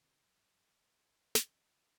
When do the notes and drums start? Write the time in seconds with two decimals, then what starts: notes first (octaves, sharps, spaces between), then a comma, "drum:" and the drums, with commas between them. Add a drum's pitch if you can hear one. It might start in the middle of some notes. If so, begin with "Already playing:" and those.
0.01 C3 D#3 C4
0.23 G1 G#2 B2 F#3
1.35 C#4, drum: snare